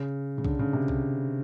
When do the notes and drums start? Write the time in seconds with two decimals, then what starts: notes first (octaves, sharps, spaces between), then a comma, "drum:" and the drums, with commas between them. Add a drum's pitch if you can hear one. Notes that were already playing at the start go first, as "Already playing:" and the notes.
Already playing: C#3
0.38 C#3
0.45 D3, drum: kick
0.59 C#3
0.73 C3
0.88 drum: kick